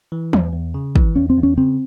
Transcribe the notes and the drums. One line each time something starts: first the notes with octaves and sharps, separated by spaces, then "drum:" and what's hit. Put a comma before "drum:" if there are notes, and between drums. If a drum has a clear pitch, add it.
E3
E2, drum: tom E3
E2
C#3
E3, drum: kick
E2 C#4
C4
E2
C#4
C#3 C4